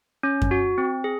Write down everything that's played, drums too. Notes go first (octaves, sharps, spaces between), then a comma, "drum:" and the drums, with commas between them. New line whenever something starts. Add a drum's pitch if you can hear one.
C#4
drum: kick F#2
F#4
C4
G#4